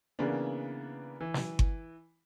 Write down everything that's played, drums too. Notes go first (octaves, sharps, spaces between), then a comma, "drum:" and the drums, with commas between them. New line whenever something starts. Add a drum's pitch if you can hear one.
C#3 E3 A#3 B3 D4
E3
drum: snare
drum: kick G1